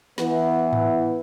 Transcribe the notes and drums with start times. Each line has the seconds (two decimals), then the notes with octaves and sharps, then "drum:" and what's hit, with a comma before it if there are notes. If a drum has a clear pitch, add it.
0.18 E3 B3, drum: snare
0.73 drum: tom G#2